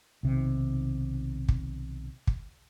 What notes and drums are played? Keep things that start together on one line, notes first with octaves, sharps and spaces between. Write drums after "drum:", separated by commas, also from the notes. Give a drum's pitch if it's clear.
B1 C3 D#3
drum: kick
drum: kick